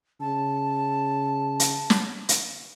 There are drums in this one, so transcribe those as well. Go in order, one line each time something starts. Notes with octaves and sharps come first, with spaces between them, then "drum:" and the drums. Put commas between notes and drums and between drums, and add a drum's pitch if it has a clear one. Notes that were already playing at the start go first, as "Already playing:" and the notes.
C#3 A5
drum: hi-hat
drum: snare
drum: hi-hat